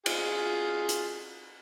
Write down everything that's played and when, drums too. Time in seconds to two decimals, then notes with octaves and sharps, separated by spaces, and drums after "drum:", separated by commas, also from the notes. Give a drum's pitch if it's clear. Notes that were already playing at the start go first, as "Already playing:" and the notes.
0.06 F4 G#4, drum: cymbal
0.89 drum: hi-hat